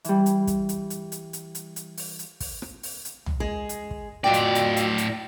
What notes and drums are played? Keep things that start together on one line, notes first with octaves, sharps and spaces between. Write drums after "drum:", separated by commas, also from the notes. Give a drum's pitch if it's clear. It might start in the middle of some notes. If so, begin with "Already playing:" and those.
E3 G3, drum: hi-hat
drum: hi-hat
drum: kick, hi-hat
drum: hi-hat
drum: hi-hat
drum: hi-hat
drum: hi-hat
drum: hi-hat
drum: hi-hat
drum: open hi-hat
drum: hi-hat
drum: kick, open hi-hat
drum: rim click
drum: open hi-hat
drum: hi-hat
drum: tom
G#3 G#4
drum: hi-hat
drum: kick
F2 A2 F#4 D5 G5
drum: hi-hat
drum: hi-hat
drum: hi-hat
drum: hi-hat